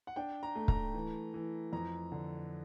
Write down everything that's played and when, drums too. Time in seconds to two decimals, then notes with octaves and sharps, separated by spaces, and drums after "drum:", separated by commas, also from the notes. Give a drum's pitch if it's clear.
0.07 F#5
0.16 D4 G5
0.43 A#5
0.56 A3
0.68 A#5, drum: kick
0.94 E3
1.34 E3
1.73 F2 A#5
2.12 D3